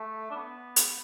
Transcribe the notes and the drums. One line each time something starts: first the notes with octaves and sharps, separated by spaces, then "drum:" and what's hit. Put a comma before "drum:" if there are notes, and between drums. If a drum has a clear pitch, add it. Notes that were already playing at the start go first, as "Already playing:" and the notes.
Already playing: A3
D4
B3
drum: hi-hat